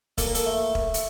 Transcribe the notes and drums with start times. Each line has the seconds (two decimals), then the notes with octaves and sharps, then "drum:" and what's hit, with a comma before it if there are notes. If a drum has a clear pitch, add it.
0.18 A#2 A4, drum: kick E1, hi-hat
0.26 A#4
0.35 A4, drum: hi-hat
0.46 A3
0.75 drum: kick E1
0.94 drum: hi-hat